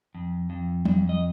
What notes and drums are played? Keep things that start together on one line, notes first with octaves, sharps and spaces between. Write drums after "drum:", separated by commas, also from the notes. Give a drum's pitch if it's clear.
F2
F2
F2, drum: tom F#3
D#5